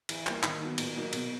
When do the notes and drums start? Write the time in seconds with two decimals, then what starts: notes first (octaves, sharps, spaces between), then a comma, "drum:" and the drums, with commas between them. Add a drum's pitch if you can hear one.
0.09 E3, drum: cymbal
0.27 G3 A#3, drum: clap
0.43 D#3, drum: clap
0.62 F#3 B3 D#4
0.78 A#2, drum: cymbal
0.96 F#3 A#3 D#4
1.13 B2, drum: cymbal